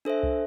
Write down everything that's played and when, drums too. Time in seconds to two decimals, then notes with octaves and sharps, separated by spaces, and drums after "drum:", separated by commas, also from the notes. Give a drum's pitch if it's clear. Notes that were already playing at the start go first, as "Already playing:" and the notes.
0.05 D4 A4 C5 E5
0.23 drum: kick C2